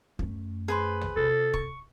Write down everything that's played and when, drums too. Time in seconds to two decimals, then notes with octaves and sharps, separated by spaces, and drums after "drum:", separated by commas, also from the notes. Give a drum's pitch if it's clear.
0.19 F#2 A3, drum: kick
0.68 G#4 B4 C5
1.01 drum: tom
1.16 C3 A4
1.54 C#6, drum: kick